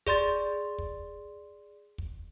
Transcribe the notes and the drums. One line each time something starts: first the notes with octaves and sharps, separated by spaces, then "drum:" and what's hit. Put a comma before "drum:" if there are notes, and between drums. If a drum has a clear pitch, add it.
G#4 D5 C6 A6, drum: kick
drum: kick
drum: kick